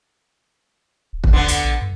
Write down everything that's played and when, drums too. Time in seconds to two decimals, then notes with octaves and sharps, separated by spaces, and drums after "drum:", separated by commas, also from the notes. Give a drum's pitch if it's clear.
1.13 D#1
1.24 drum: kick
1.33 E2 D3 B3
1.48 C2, drum: hi-hat
1.61 A#1
1.81 G2